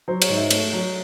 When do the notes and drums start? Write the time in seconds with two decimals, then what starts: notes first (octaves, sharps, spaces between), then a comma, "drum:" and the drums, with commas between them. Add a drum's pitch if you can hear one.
0.08 F#3 C5
0.22 C#5, drum: cymbal
0.30 G#2
0.37 E5
0.51 A3 C#5, drum: cymbal
0.73 F#3